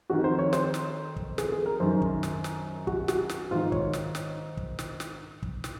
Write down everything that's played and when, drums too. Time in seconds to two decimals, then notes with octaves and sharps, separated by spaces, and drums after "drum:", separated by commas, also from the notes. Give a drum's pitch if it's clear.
0.10 F2 D#3 F#4
0.24 C5
0.39 C#5
0.53 C5, drum: snare
0.74 drum: snare
1.16 drum: kick
1.38 G#4, drum: snare
1.52 G#4
1.66 A#4
1.80 F#2 D#3 C5
2.02 drum: kick
2.23 drum: snare
2.44 drum: snare
2.87 F#4, drum: kick
3.08 F#4, drum: snare
3.29 drum: snare
3.51 G#2 D#3 F4
3.72 C#5, drum: kick
3.93 drum: snare
4.15 drum: snare
4.57 drum: kick
4.79 drum: snare
5.00 drum: snare
5.43 drum: kick
5.64 drum: snare